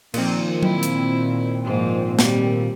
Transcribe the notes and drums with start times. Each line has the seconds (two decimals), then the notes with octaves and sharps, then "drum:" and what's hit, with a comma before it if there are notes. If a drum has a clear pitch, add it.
0.14 A#2 D#3 F3 C4, drum: cymbal
0.63 E4, drum: tom F#3
0.83 drum: hi-hat
1.64 G#2 F3 A#3
2.19 G3, drum: snare